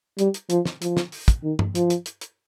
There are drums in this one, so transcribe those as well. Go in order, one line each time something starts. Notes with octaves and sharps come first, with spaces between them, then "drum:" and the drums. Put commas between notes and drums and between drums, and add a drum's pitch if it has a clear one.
G3, drum: hi-hat
drum: hi-hat
F3, drum: hi-hat
drum: snare
F3, drum: hi-hat
drum: snare
drum: open hi-hat
drum: kick, hi-hat
D#3
drum: tom G2
F3, drum: hi-hat
drum: hi-hat
drum: hi-hat
drum: hi-hat